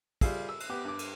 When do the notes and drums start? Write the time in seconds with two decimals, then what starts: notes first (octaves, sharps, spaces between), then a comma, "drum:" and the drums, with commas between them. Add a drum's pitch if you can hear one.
0.21 G3 F4 G#4 E6, drum: kick, cymbal
0.49 E6
0.60 drum: cymbal
0.69 B3 G4 D6
0.85 G2 D6
0.99 drum: cymbal